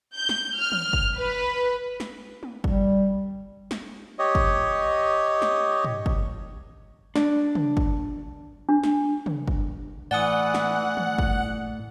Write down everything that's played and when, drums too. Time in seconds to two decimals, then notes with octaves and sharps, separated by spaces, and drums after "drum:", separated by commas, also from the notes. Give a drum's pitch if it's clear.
0.16 G6
0.29 drum: snare
0.57 F6
0.72 drum: tom
0.93 drum: kick
1.19 B4
2.00 drum: snare
2.43 drum: tom
2.64 G3, drum: kick
3.71 drum: snare
4.19 G4 C#5 D#5
4.35 drum: kick
5.42 drum: snare
5.84 drum: tom
6.06 drum: kick
7.16 D4, drum: snare
7.55 drum: tom
7.77 drum: kick
8.69 D4
8.83 drum: snare
9.26 drum: tom
9.48 drum: kick
10.11 A2 E3 D5 F#5 G#5 D#6
10.54 drum: snare
10.97 drum: tom
11.18 drum: kick